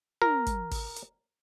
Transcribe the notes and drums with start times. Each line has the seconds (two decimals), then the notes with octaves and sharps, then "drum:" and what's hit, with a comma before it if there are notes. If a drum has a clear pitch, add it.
0.22 A#4, drum: tom
0.46 drum: kick, hi-hat
0.71 drum: kick, open hi-hat
0.96 drum: hi-hat